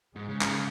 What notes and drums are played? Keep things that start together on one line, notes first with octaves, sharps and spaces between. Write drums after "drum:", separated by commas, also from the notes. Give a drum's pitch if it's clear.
G#2 G#3
C#3
C#3, drum: clap